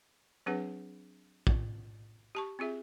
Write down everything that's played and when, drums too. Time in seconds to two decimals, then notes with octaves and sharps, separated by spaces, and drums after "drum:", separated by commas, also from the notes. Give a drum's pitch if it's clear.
0.46 F#3 C4 D4 G#4 B4 F#5
1.47 F4, drum: kick A#1
2.35 G4 A5 C#6
2.59 C4 F4 G#4 E5